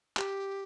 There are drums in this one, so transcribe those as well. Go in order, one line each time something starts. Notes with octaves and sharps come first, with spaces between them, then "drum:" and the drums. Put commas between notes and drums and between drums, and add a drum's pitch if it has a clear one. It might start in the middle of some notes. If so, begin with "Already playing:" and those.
G4, drum: clap